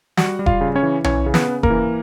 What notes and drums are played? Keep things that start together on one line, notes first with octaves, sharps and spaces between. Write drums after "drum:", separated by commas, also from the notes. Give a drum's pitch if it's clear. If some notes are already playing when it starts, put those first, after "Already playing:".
G3 F#4 F#5, drum: snare
G3
F4 F5, drum: kick E1
C#3
C#4 C#5
E3
E3 C#4 C#5, drum: tom B1
C#3
B3 B4, drum: snare
C#3
A#3 A#4, drum: kick E1
E3